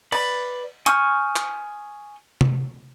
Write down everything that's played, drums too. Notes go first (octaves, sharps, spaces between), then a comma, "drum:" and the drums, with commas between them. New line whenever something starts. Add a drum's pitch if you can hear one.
B4 D5 B5, drum: cymbal
G#5 C#6 D#6 F6 G6, drum: hi-hat
drum: clap
drum: tom C3